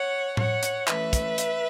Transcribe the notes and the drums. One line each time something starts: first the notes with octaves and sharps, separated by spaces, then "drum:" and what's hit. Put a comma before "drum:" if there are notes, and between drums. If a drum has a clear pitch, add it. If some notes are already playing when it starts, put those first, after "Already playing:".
Already playing: C#5 F#5
C#5 F#5, drum: tom A2
drum: hi-hat
E3 A3 C#4 B4 E5, drum: clap
drum: kick, hi-hat
drum: hi-hat